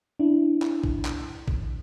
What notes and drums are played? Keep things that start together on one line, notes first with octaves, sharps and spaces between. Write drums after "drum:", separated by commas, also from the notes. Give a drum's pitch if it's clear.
D4 E4
drum: clap
drum: kick
drum: clap
drum: kick